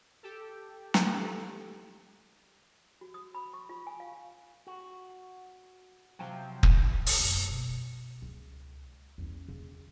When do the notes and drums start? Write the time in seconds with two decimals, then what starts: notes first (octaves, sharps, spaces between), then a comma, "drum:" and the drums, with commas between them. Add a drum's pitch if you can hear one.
0.23 G4 A4
0.94 drum: snare
3.01 F#4
3.14 D#6
3.35 B5
3.54 C#6
3.69 F4
3.87 G#5
4.00 F5
4.67 F#4
6.19 C3 F3 F#3 G5
6.63 drum: kick
7.06 drum: open hi-hat
7.19 F#2 A3
7.48 B2
8.22 C#2
9.18 E2 C#4
9.48 C#3